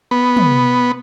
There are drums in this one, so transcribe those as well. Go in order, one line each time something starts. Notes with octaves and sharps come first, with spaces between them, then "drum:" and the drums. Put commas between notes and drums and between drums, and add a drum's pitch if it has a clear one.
B3
drum: tom